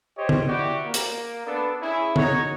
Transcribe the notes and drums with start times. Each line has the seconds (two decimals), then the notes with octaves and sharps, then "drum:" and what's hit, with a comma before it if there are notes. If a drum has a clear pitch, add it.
0.17 G4 C5 C#5 D#5
0.29 drum: tom D3
0.47 E4 F#4 G4 D5
0.85 A#3
0.94 drum: hi-hat
1.46 B3 D4 A4 B4
1.80 C#4 E4 G#4
2.16 D#4 F#4 C#5 A#5, drum: tom D3